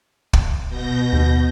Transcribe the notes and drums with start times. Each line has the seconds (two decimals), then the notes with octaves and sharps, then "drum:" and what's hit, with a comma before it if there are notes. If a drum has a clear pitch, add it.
0.33 drum: kick
0.69 B2 G6 A#6
1.13 D#2